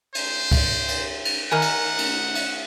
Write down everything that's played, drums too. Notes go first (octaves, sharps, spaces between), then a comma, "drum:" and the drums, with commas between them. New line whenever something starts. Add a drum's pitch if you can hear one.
C5, drum: cymbal
drum: kick C#2, cymbal
drum: cymbal
drum: cymbal
D#3 A#4 F#5 G#5
drum: cymbal
drum: cymbal
drum: cymbal